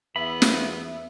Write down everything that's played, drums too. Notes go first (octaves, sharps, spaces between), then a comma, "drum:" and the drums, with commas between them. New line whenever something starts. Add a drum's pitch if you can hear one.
E2 B3 E5 B5
drum: snare